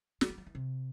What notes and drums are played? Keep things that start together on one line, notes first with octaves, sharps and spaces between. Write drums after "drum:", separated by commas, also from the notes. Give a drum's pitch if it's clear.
F3, drum: snare
E3
F3
E3
C3